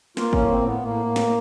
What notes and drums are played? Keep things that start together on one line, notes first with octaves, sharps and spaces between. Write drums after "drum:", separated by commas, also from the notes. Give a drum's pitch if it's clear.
A#3 F4, drum: snare
C#4, drum: kick
A2
C4
A2
B3
A2 A#3
A2
drum: snare